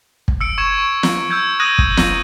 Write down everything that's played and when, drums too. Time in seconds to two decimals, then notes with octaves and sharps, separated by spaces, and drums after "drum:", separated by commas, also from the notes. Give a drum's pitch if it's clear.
0.28 drum: kick
0.41 E6 C#7 D7
0.58 C#6 G#6 E7
0.78 C#6
1.03 drum: snare
1.31 E6 G6 G#6
1.60 D#6 F#6 G#6 A#6 D#7 F#7
1.79 drum: kick
1.97 drum: snare